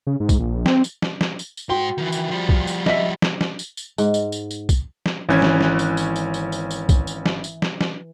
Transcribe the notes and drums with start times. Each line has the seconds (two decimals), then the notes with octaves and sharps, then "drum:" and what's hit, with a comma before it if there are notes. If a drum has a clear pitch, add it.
0.07 C#3
0.20 G#2
0.29 drum: kick, tambourine
0.39 A#1
0.66 C4, drum: snare
0.84 drum: tambourine
1.02 drum: snare
1.21 drum: snare
1.39 drum: tambourine
1.57 drum: tambourine
1.69 G#2 F#4 G5 C6
1.98 D#3 E3
2.12 drum: tambourine
2.31 F3 G3
2.49 drum: kick
2.67 drum: tambourine
2.86 D#5 E5 B6, drum: snare
3.22 drum: snare
3.41 drum: snare
3.59 drum: tambourine
3.77 drum: tambourine
3.98 G#2, drum: tambourine
4.14 drum: tambourine
4.32 drum: tambourine
4.51 drum: tambourine
4.69 drum: kick, tambourine
5.06 drum: snare
5.29 G#1 E3 C#4 G#6
5.42 drum: snare
5.61 drum: snare
5.79 drum: tambourine
5.97 drum: tambourine
6.16 drum: tambourine
6.34 drum: tambourine
6.52 drum: tambourine
6.71 drum: tambourine
6.89 drum: kick, tambourine
7.07 drum: tambourine
7.26 drum: snare
7.44 drum: tambourine
7.62 drum: snare
7.81 drum: snare